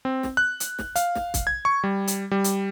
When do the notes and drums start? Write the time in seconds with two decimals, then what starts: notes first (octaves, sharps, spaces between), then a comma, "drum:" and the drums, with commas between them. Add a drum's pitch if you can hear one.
0.05 C4
0.23 drum: snare
0.37 F#6
0.60 drum: hi-hat
0.79 drum: snare
0.96 F5, drum: hi-hat
1.15 drum: snare
1.34 drum: kick, hi-hat
1.47 G#6
1.65 C#6
1.84 G3
2.07 drum: hi-hat
2.31 G3
2.44 drum: hi-hat